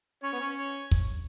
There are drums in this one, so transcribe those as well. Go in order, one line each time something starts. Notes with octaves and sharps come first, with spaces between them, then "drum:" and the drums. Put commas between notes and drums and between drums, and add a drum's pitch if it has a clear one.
C#4 C#5
B3
C#4
C#5
drum: kick